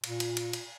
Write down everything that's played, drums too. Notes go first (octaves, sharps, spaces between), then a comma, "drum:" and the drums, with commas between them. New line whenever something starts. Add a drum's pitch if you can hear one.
A#2, drum: cymbal
drum: cymbal
drum: cymbal
drum: cymbal